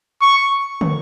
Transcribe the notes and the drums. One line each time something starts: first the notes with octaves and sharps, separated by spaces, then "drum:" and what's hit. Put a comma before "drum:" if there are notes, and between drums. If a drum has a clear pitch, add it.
C#6
drum: tom